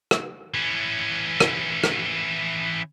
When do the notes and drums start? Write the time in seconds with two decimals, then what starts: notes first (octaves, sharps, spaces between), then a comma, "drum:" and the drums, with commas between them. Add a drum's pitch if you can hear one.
0.11 drum: rim click
0.54 E3 C#4
1.40 drum: rim click
1.84 drum: rim click